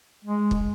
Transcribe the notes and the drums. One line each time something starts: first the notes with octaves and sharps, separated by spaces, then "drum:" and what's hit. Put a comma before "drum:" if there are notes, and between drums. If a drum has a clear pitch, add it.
G#3
drum: kick